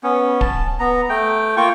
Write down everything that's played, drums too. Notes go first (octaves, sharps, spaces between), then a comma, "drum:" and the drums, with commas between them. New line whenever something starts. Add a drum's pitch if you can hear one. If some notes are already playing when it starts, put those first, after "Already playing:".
B3 C#4
A5, drum: kick D1
B3 A#5
A3 G5
A#3 F4 G5 C#6